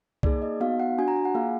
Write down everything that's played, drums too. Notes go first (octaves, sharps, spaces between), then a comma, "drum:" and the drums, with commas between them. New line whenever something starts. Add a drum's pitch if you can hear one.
A#3 D#4 G#4 D5, drum: kick
D#5
B3 D#4 F#4 F5
F#5
D4 F#4 G#5
A#5
G#5
F#5
A#3 F4 G#4 F5